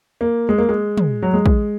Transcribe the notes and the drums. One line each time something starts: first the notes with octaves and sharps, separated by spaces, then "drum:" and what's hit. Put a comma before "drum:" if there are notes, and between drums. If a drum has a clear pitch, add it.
A#3
G#3
A#3
G#3
drum: tom
F#3
G#3
drum: kick